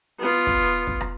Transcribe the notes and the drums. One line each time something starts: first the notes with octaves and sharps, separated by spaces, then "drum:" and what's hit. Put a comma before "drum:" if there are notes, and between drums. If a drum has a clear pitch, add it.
B3 F4
drum: kick
drum: kick
drum: rim click